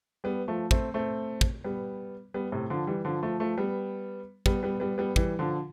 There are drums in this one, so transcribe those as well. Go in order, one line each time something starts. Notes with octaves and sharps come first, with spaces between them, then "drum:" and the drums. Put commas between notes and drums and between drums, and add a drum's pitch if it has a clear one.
G3 B3
F3 A3
A3 C4, drum: kick
A3 C4
drum: kick
G3 B3
G3 B3
A2 C3
D3 F3
E3 G3
D3 F3
F3 A3
F3 A3
G3 B3
G3 B3, drum: kick
G3 B3
G3 B3
G3 B3
E3 G3, drum: kick
D3 F3